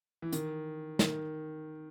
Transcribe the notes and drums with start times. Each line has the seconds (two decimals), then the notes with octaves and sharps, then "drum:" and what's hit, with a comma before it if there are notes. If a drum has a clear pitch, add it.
0.22 E3
0.32 D#3, drum: hi-hat
0.99 D#3, drum: snare